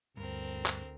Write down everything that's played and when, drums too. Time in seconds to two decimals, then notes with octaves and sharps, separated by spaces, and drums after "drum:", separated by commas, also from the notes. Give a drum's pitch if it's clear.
0.17 D2 G2 C4 A#4
0.66 drum: clap